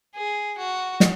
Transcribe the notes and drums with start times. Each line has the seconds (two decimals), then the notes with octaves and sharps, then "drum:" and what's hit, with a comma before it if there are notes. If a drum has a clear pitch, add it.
0.16 G#4
0.58 F#4
1.00 drum: snare